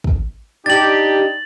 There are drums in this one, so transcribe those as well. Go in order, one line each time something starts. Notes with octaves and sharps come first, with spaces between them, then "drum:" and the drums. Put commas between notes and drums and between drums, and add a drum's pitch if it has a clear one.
drum: kick
D4 D#4 G4 A6 F#7